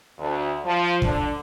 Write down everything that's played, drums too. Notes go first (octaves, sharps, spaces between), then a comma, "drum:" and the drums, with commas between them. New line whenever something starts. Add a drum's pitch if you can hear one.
D2
F3
D3, drum: kick